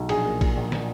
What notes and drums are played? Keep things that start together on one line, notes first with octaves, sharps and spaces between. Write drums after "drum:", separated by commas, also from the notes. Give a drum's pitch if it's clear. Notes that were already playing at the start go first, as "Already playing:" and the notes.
Already playing: B1
A#1 G#4, drum: cymbal
A#3
A#2, drum: kick, cymbal
A#1
drum: snare